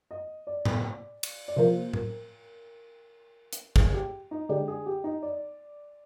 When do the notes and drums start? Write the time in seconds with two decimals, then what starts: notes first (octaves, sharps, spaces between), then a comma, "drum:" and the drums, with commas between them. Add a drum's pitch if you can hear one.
0.11 D#5
0.47 D5
0.65 drum: tom A2
1.23 drum: cymbal
1.48 D5
1.56 C3 F3 A#3 C5
1.94 A#4, drum: tom A2
3.53 drum: hi-hat
3.76 G#4, drum: kick
3.94 G4
4.31 D#4
4.49 D3 G#3 D4 G4
4.68 G#4
4.86 G4
5.04 D#4
5.23 D5